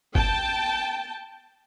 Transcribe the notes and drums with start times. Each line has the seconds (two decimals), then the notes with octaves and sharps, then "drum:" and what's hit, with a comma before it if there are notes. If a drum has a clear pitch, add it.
0.15 G5 A5, drum: kick